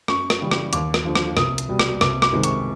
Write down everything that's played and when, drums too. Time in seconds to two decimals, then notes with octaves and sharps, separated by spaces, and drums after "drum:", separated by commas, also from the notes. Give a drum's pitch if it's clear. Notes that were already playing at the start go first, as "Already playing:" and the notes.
0.08 F#2 C#6, drum: rim click
0.30 drum: rim click
0.41 C#3 E3 G3
0.51 drum: rim click
0.73 D#2 D6, drum: hi-hat
0.94 drum: rim click
1.05 D3 F3
1.15 drum: rim click
1.37 C2 D#6, drum: rim click
1.58 drum: hi-hat
1.69 B2 G3
1.79 drum: rim click
2.01 C2 D6, drum: rim click
2.22 D6, drum: rim click
2.33 C3 D#3 G#3
2.43 C#6, drum: hi-hat